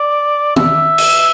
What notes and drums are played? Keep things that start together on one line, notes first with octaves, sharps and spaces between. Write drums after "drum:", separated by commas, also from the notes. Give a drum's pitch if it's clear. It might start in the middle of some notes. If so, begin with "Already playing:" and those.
Already playing: D5
E5, drum: tom
drum: cymbal